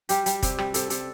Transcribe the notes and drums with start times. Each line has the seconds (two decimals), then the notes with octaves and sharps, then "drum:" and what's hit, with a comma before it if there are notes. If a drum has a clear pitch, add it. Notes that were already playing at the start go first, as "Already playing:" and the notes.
0.09 G3 G4, drum: hi-hat
0.26 G3, drum: hi-hat
0.43 C3, drum: kick, hi-hat
0.58 G3, drum: rim click
0.74 C3 A4, drum: hi-hat
0.90 C3 A4, drum: hi-hat